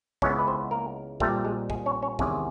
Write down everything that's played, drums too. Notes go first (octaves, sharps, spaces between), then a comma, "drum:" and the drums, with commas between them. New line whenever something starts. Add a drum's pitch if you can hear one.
C#2 C#3 E3 G#3 B3 C#4 C#5, drum: kick
B4
C4 C5
A#3 A#4
A#2 G3 A3 C4 A4, drum: kick
G#3 G#4
G#3 G#4, drum: kick
C#4 C#5
C#4 C#5
E2 C3 D#3 G#3 C#4, drum: kick